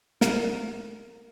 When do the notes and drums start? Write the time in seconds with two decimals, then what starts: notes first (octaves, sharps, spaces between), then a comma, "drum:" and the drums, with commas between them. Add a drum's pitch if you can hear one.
0.21 A#4, drum: snare